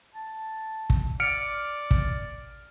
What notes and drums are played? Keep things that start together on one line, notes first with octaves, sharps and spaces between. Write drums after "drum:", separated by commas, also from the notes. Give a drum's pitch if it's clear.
A5
drum: kick
D5 F6 C#7 D7
drum: kick